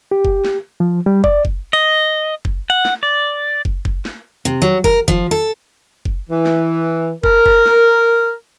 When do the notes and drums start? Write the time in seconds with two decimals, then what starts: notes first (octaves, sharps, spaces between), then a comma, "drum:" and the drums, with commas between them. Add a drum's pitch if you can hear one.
0.11 G4
0.25 drum: kick
0.45 drum: snare
0.80 F3
1.06 G3
1.24 D5, drum: kick
1.45 drum: kick
1.73 D#5
2.45 drum: kick
2.70 F#5
2.85 drum: snare
3.03 D5
3.65 drum: kick
3.85 drum: kick
4.05 drum: snare
4.45 C3
4.62 F#3
4.84 A#4, drum: kick
5.08 F3, drum: kick
5.31 A4
6.05 drum: kick
6.30 E3
6.45 drum: snare
7.23 A#4, drum: kick
7.46 drum: kick
7.66 drum: snare